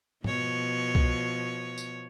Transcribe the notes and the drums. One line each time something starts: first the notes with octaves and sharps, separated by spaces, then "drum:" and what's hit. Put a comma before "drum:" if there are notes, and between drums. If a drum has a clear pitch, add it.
B2 F3 C#5, drum: tom G#2
drum: kick C2
drum: tambourine